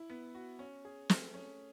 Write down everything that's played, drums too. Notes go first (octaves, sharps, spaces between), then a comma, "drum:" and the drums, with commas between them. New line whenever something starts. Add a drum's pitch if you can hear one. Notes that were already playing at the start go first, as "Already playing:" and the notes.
Already playing: E4
B3
F#4
C#4
G#4
A3, drum: snare
C#4